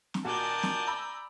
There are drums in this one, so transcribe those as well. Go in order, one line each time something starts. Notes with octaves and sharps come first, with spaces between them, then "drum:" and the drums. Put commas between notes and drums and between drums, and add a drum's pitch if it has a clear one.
drum: snare
A#2 D#3 F#4 A#4 D5 G#5 A5 G6
drum: snare
A#5 B5 E6